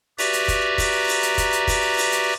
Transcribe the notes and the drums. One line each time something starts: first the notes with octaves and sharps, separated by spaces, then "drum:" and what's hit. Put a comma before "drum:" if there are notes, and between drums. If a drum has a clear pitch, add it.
F#4 G4 B4 D5 E5 A#5, drum: open hi-hat
drum: hi-hat
drum: kick, hi-hat
drum: kick, open hi-hat
drum: open hi-hat
drum: hi-hat
drum: kick, hi-hat
drum: hi-hat
drum: kick, open hi-hat
drum: open hi-hat
drum: hi-hat